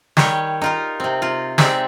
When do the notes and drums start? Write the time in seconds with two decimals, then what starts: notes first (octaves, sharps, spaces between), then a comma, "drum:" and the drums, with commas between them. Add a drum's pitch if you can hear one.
0.17 D#3 G3 G4 C#5, drum: snare
0.62 D#4 F4 A#4
1.00 C3 C4
1.22 C3 F4
1.58 G#3 C4 D#4 G4 D5 E5, drum: snare